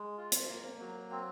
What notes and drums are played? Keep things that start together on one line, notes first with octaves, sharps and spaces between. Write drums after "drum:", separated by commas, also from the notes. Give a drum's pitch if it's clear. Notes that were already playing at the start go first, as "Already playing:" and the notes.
Already playing: G#3
F4
drum: hi-hat
A#3
F#3
C4